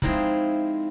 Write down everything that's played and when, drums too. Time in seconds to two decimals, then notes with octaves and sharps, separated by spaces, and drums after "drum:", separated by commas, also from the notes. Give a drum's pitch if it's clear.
0.02 F3 G#3 C4 D#4 E4, drum: kick